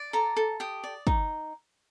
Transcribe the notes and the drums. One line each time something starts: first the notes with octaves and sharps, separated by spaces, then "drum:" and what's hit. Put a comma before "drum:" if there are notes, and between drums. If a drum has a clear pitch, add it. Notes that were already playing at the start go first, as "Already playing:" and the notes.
Already playing: D5
A4 A#5
A4
G4 D#6
D5
D#4, drum: kick